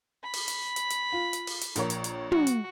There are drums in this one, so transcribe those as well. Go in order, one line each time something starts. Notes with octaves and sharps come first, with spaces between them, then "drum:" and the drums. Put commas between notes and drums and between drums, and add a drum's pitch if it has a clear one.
B5
drum: open hi-hat
drum: hi-hat
drum: hi-hat
drum: hi-hat
F4
drum: hi-hat
drum: open hi-hat
drum: hi-hat
A#1 A#4 C#5, drum: hi-hat
drum: hi-hat
drum: hi-hat
F#4, drum: tom
drum: hi-hat